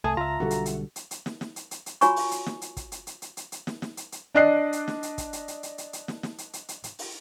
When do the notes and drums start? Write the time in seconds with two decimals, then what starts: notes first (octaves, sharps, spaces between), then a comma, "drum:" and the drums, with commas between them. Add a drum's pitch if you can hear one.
0.04 C2 A3 G#5 A5 D#6
0.17 C#2 F4 E5 A#5
0.40 B1 D3 G3 F#4 A4
0.50 drum: hi-hat
0.66 drum: hi-hat
0.96 drum: hi-hat
1.11 drum: hi-hat
1.26 drum: snare
1.41 drum: snare
1.56 drum: hi-hat
1.71 drum: hi-hat
1.86 drum: hi-hat
2.01 F4 F#4 C#5 G#5 A#5 C#6, drum: hi-hat
2.16 drum: open hi-hat
2.31 drum: hi-hat
2.46 drum: snare
2.62 drum: hi-hat
2.77 drum: kick, hi-hat
2.92 drum: hi-hat
3.07 drum: hi-hat
3.22 drum: hi-hat
3.37 drum: hi-hat
3.52 drum: hi-hat
3.67 drum: snare
3.82 drum: snare
3.97 drum: hi-hat
4.12 drum: hi-hat
4.35 D4 D5 D#5 F#6 C7
4.73 drum: hi-hat
4.88 drum: snare
5.03 drum: hi-hat
5.18 drum: kick, hi-hat
5.33 drum: hi-hat
5.48 drum: hi-hat
5.63 drum: hi-hat
5.78 drum: hi-hat
5.93 drum: hi-hat
6.08 drum: snare
6.23 drum: snare
6.38 drum: hi-hat
6.53 drum: hi-hat
6.69 drum: hi-hat
6.84 drum: hi-hat
6.99 drum: open hi-hat